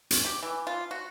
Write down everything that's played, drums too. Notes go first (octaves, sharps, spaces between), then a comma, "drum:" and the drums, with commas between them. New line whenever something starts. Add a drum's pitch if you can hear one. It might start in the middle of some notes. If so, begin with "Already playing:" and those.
drum: hi-hat
G4
E3
F4
F#4